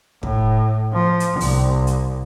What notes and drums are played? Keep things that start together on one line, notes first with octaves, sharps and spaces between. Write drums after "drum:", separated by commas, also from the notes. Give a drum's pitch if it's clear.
A2, drum: kick
F3
drum: hi-hat
C2, drum: open hi-hat
drum: hi-hat